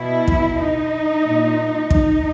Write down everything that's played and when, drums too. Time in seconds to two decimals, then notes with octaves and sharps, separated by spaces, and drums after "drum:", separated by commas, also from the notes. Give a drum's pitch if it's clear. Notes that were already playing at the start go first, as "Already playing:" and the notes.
Already playing: B2 E4
0.28 drum: kick
0.60 D#4
1.25 A#2
1.90 D#4, drum: kick